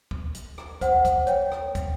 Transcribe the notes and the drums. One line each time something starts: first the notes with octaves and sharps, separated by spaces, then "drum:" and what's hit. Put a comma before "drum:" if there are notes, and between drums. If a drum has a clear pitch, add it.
drum: kick
drum: hi-hat
drum: rim click
C5 F#5, drum: kick, hi-hat
drum: kick, hi-hat
C#5 G5, drum: hi-hat
drum: rim click
drum: kick, hi-hat